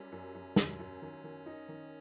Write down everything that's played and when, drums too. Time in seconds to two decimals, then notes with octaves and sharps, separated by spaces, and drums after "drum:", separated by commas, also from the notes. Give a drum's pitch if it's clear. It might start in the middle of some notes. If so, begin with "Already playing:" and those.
Already playing: F#2 G3 C#4
0.12 F#2
0.35 F#2
0.56 F#2, drum: snare
0.80 F#2
1.02 D#3
1.24 D#3
1.46 D#4
1.69 D#3